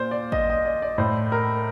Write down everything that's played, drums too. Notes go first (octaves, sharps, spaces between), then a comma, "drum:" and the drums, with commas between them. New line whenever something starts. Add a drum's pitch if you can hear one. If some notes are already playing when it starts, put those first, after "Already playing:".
Already playing: A#2 C5 D5
D5
D#5, drum: kick G#1
D#5
D5
D5
A2 C5
A#4